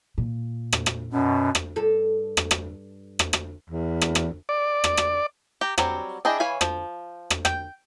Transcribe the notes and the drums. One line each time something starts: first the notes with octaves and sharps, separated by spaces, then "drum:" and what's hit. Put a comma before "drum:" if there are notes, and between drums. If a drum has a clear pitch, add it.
A#2
drum: rim click
drum: rim click
F#2 B2 C#4
drum: rim click
G2 A4
drum: rim click
drum: rim click
drum: rim click
drum: rim click
E2
drum: rim click
drum: rim click
D5
drum: rim click
drum: rim click
G4 A#5
F#3 G3 C4 C#5, drum: rim click
D4 E4 G#4 D#5 G5
E3 C#5 F5 G#5 B5
F3, drum: rim click
drum: rim click
G5, drum: rim click